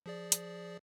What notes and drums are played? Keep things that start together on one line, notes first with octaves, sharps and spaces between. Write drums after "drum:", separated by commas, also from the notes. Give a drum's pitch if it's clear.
F3 G#4 D5
drum: hi-hat